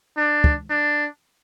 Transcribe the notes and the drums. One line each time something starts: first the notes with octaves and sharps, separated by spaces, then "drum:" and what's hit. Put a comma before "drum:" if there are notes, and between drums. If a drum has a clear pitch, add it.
D4
drum: kick
D4